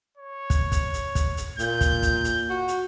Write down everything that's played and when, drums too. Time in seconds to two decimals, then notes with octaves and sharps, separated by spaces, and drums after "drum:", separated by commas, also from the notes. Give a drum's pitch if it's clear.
0.17 C#5
0.50 drum: kick, hi-hat
0.72 drum: kick, hi-hat
0.94 drum: hi-hat
1.15 drum: kick, hi-hat
1.37 drum: hi-hat
1.59 A#2 G6, drum: hi-hat
1.81 drum: kick, hi-hat
2.02 drum: kick, hi-hat
2.24 drum: hi-hat
2.50 F#4
2.68 drum: hi-hat